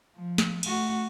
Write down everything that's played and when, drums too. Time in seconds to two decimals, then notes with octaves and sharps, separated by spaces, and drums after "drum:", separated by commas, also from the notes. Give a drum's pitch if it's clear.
0.16 F3
0.38 drum: snare
0.63 A3 F#4, drum: cymbal